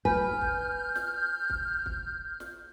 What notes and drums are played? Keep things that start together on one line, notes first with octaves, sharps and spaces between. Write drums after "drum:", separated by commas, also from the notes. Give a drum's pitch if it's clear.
B4 G#5 F6 G6, drum: kick
drum: kick
drum: snare
drum: kick
drum: kick
drum: snare